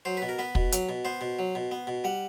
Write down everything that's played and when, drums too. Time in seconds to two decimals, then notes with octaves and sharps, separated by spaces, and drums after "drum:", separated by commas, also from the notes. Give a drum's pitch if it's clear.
0.05 F#3 C5
0.17 B2 B4
0.29 A#4
0.39 B3 B4
0.55 B2, drum: kick
0.72 F#3, drum: hi-hat
0.89 B2
1.05 B3 C5
1.21 B2
1.39 F#3
1.55 B2
1.71 B3
1.87 B2
2.04 G3 F#5